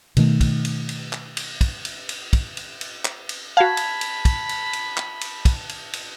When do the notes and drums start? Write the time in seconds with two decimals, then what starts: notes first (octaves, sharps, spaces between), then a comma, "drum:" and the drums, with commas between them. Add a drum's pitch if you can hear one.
0.17 B2 D#3 A3, drum: cymbal
0.41 drum: kick, cymbal
0.65 drum: cymbal
0.89 drum: cymbal
1.13 drum: clap
1.37 drum: cymbal
1.61 drum: kick, cymbal
1.85 drum: cymbal
2.09 drum: cymbal
2.33 drum: kick, cymbal
2.57 drum: cymbal
2.81 drum: cymbal
3.05 drum: clap
3.29 drum: cymbal
3.57 F#4 F5 A5 B5 G#6
3.77 drum: cymbal
4.01 drum: cymbal
4.25 drum: kick, cymbal
4.49 drum: cymbal
4.73 drum: cymbal
4.97 drum: clap
5.21 drum: cymbal
5.45 drum: kick, cymbal
5.69 drum: cymbal
5.93 drum: cymbal